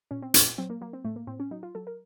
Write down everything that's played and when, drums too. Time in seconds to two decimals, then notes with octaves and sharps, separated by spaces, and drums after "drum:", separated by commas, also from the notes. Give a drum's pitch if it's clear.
0.11 A#2 C#4
0.22 C4
0.34 A#2 C#4, drum: hi-hat
0.58 F#3 C4
0.70 A#3
0.81 F#3 A#3
0.93 C4
1.05 A2 A3
1.16 A#3
1.27 A2 C4
1.40 C#4
1.51 F#3 D#4
1.63 F4
1.75 F#3 A4
1.87 A#4